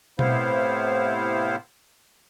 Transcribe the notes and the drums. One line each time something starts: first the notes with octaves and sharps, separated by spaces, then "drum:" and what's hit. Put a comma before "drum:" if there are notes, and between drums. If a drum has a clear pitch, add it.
A2 C3 B3 E4 C5 F5, drum: tom B2